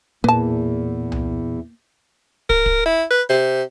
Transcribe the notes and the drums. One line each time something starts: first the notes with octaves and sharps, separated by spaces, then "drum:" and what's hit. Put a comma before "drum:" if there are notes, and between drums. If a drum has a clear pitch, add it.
E2 A#2 A#3 B4 A5
drum: tom C2
A#4, drum: kick
drum: kick
E4
B4
C3